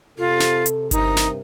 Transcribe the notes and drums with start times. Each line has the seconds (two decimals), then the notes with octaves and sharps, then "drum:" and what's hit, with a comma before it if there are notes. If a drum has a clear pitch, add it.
0.18 C3 F4 A4
0.40 drum: snare
0.66 drum: hi-hat
0.91 G2 C3 D#4 A#4, drum: kick G1, hi-hat
1.17 drum: snare